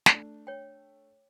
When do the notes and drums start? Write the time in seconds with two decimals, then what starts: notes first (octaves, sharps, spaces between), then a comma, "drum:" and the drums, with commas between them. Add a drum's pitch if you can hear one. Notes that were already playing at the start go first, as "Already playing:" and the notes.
0.06 A3 D4, drum: snare
0.47 C#5 G5